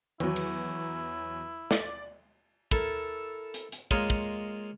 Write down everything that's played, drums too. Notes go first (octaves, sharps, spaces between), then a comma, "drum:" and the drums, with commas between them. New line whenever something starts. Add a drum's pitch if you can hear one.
E2 F#3 E4, drum: tom D#3
drum: cymbal
D5, drum: snare
E4 A4 A#4, drum: kick
drum: hi-hat
drum: hi-hat
G#3 A#3 F4 A#4 C#5 D#5, drum: kick
drum: kick